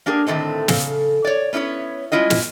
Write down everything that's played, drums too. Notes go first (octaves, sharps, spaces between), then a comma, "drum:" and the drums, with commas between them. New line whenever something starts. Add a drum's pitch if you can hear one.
A#3 D4 G4 G#4 A#4
A2 D3 D#3 A3 C4 C#4
C#3 A4 F5, drum: snare
C#5 D5
B3 C#4 E4 A#4 C#5
G3 G#3 C#4 E4 F4 D#5
drum: snare